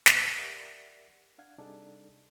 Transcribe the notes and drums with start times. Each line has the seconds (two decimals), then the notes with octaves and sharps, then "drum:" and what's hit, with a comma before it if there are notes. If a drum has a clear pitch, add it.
0.06 G2 B2, drum: snare
0.38 G4 A#4 D5 E5 F#5
1.38 D4 F5 F#5 G#6
1.58 C3 G3 D4 D#4 G#4 A4